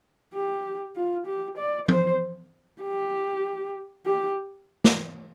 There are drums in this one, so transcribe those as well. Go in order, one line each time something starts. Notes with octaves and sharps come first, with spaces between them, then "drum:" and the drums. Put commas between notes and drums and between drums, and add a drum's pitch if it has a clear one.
G4
F4
G4
D5
C5, drum: tom F3
G4
G4
drum: snare